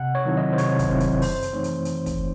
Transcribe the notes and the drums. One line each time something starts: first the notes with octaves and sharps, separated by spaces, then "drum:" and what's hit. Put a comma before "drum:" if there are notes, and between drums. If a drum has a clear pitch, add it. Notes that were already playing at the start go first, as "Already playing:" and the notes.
Already playing: C3 F#5
C#5
D#3 F#3 C4 E4
D#5
C5
C3 C#5, drum: hi-hat
drum: kick, hi-hat
D#3 F#3 C4 E4 C5
drum: kick, hi-hat
F#2 C5, drum: open hi-hat
C5, drum: hi-hat
E3 A3 C4 D#4 C#5
drum: hi-hat
drum: hi-hat
drum: kick, hi-hat